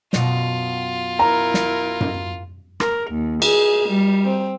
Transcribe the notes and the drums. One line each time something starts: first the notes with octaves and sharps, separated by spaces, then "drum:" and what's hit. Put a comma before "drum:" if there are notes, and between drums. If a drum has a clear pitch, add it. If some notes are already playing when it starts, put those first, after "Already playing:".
F#2 B2 F4, drum: snare
E4 A#4 A#5
drum: snare
drum: tom F#2
A#4, drum: rim click
D#2
G#4, drum: cymbal
G3
C4